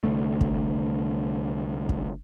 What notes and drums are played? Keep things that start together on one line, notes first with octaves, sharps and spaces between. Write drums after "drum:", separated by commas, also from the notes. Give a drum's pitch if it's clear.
C2 D3 A3
drum: kick
drum: kick